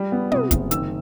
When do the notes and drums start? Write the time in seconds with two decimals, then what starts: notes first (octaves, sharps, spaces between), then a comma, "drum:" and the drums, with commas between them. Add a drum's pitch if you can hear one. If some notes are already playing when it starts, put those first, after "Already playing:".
Already playing: G3
0.12 B3
0.32 C3 D#6, drum: tom
0.51 F#1, drum: kick, hi-hat
0.71 D#3 E6, drum: hi-hat